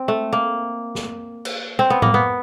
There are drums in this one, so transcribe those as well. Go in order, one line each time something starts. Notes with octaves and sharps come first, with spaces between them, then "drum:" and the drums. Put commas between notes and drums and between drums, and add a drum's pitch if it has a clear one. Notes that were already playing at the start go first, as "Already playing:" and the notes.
Already playing: C4
A3
A#3
drum: snare
drum: cymbal
C4
B3
A#3, drum: tom A2
B3